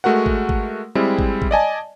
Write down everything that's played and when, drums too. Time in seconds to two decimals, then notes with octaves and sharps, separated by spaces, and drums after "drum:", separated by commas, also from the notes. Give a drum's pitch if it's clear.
0.04 G#3 A3 F#4 A#4 F#5
0.26 drum: kick G#1
0.49 drum: kick G#1
0.95 G3 G#3 C4 E4
1.19 drum: kick G#1
1.42 drum: kick G#1
1.51 D5 D#5 G#5 A5